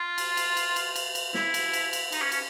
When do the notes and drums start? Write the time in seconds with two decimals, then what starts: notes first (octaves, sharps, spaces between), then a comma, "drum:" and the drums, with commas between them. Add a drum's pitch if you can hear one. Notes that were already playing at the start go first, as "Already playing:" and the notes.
Already playing: F4
0.18 drum: cymbal
0.37 drum: cymbal
0.57 drum: cymbal
0.76 drum: cymbal
0.96 drum: cymbal
1.15 drum: cymbal
1.34 E4, drum: snare
1.54 drum: cymbal
1.73 drum: cymbal
1.93 drum: cymbal
2.12 D#4, drum: cymbal
2.22 C#4
2.32 C#4, drum: cymbal